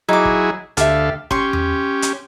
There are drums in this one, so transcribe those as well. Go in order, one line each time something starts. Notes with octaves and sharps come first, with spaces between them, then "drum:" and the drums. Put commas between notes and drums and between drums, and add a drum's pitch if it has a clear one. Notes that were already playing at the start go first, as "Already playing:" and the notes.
F#3 D#4 E4 G#4 D6
drum: kick
D2 G4 A4 E5 F5, drum: hi-hat
C#4 G4 C6 C#6, drum: kick
drum: tom E2
drum: hi-hat